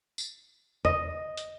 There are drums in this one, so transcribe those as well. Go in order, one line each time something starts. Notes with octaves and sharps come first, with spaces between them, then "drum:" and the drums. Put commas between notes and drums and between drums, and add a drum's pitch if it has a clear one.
drum: tambourine
D#5, drum: tom E2
drum: hi-hat